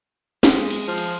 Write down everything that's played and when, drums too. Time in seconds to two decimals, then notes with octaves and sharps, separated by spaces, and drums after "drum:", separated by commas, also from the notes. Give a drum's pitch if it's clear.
0.43 G#3, drum: snare
0.70 drum: cymbal
0.88 F3
0.98 drum: cymbal